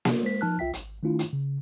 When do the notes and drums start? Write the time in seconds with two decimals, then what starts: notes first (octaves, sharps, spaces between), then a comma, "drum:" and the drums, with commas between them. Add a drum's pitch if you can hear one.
0.05 drum: snare A#3
0.23 G#3 C5 B6
0.41 F3 D#4 A5 F6 F#6
0.59 C2 F4 E5 G5 B6
0.73 G#1, drum: hi-hat
1.03 D#3 A3 D4 E4 F4
1.19 drum: hi-hat
1.33 C#3